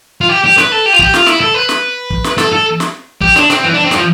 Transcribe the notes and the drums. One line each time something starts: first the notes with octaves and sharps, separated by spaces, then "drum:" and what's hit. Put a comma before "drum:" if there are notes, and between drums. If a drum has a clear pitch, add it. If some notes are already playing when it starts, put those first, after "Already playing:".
F4
G4
G4
B4, drum: snare
A4
G4
F4
G4, drum: kick
F4, drum: snare
E4, drum: snare
A4
B4
drum: snare
drum: kick
drum: snare
A4, drum: snare
A4
drum: snare
G4, drum: kick
D4, drum: snare
C4, drum: snare
E3
D4
C4
G3, drum: snare
F3